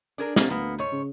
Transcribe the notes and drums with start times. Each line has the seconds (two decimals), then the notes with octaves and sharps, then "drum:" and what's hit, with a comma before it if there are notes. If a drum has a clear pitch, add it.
0.18 D4 G#4 A#4
0.36 C3 A3 A#3, drum: snare
0.50 D2 A#3 B3
0.78 G#2 C#5
0.92 C#3